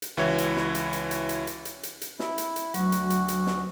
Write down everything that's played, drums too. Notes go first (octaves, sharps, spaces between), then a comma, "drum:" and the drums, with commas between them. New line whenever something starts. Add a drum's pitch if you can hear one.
drum: hi-hat
C#2 E3 E4 F#4 C#5
drum: hi-hat
drum: snare
drum: hi-hat
drum: hi-hat
drum: hi-hat
drum: hi-hat
drum: hi-hat
drum: hi-hat
drum: hi-hat
drum: hi-hat
E4, drum: snare
drum: hi-hat
drum: hi-hat
D2 F#3 F#4, drum: hi-hat
drum: hi-hat
drum: hi-hat
drum: hi-hat
drum: snare